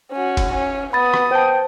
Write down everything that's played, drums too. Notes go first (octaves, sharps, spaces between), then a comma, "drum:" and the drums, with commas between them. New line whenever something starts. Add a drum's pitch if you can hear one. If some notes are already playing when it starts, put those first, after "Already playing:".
C#4 F#4
drum: kick F1, cymbal
C#4
B3 B5 D#6 A6
drum: rim click
C5 G5 A5